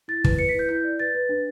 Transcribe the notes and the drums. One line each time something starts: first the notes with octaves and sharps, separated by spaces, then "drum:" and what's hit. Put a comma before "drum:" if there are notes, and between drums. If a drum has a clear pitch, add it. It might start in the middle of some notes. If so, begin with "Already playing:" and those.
E4 A6
B4, drum: kick
B4 C#7
B6
E4 G6
E4 G6
D5
B4 A6
B4
D4